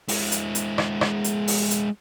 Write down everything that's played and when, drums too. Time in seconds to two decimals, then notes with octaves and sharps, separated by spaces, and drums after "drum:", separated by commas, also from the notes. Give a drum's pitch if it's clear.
0.08 G#3 E4, drum: open hi-hat
0.32 drum: hi-hat
0.55 drum: hi-hat
0.78 drum: rim click
1.01 drum: rim click
1.24 drum: hi-hat
1.47 drum: open hi-hat
1.71 drum: hi-hat